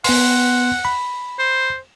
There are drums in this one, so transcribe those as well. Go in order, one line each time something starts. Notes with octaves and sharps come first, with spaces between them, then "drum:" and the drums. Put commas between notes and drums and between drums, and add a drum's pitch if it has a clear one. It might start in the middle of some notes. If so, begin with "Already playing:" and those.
B3 F#5 C6, drum: open hi-hat
B5
C5